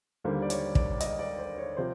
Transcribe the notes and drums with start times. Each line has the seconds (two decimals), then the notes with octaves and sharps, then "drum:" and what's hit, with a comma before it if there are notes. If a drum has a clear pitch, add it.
0.24 D#2 D3 G3 A#3 C5
0.42 D5
0.50 C#5, drum: hi-hat
0.75 D5, drum: kick
1.00 D#5, drum: hi-hat
1.19 D5
1.39 C5
1.58 C#5
1.77 C3 F3 C5